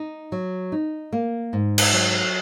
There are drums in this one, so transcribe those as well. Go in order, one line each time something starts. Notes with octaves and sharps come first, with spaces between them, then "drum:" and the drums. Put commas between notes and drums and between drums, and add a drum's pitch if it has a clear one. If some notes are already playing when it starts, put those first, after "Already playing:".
Already playing: D#4
F#3
D#4
A#3
G#2
drum: cymbal
F#3